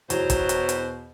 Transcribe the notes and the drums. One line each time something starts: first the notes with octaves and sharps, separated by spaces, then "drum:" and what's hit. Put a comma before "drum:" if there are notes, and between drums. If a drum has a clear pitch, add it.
E2 B2 F#3 C5, drum: hi-hat
drum: kick, hi-hat
drum: hi-hat
drum: hi-hat